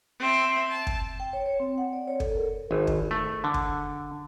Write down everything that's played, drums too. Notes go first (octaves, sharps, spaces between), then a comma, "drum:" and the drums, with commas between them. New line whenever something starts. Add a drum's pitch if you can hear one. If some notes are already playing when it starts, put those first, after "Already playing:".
C4 E5
A5
drum: kick
G5
C#5
C#5
C4
F#5
D5
C#5
A4, drum: kick
A#4
G#1
drum: kick
A3
D3
drum: kick